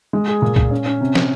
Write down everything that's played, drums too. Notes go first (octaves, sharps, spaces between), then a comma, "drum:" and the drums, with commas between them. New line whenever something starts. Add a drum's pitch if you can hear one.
G#3
G#4
A#2
A#2, drum: kick
C#4
C#4
C3
drum: snare